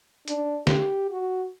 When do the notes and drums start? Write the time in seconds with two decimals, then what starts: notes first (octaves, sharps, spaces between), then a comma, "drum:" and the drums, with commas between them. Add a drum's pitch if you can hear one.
0.28 D4, drum: hi-hat
0.67 G4, drum: snare
1.11 F#4